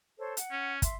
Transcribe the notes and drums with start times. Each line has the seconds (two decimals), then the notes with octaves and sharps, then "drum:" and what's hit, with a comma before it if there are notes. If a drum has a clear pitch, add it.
0.18 A4 C5 C#5
0.37 F#5, drum: hi-hat
0.51 C#4
0.82 E5 C6, drum: kick, hi-hat